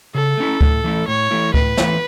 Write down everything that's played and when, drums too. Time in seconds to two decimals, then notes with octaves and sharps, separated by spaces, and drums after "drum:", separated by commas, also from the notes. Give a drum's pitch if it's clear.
0.15 C#3 A4
0.37 A3 C#4 E4
0.61 A2, drum: kick D2
0.84 E3 A3 E4
1.08 A2 C#5
1.31 E3 A3 E4
1.54 A2 B4, drum: kick D2
1.77 E3 A3 E4, drum: snare